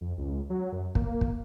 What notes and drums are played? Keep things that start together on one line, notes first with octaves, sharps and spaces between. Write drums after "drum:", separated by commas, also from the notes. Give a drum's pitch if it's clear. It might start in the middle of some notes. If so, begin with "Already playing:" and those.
F2
C#2
F#3
F#2
A#3, drum: kick
drum: kick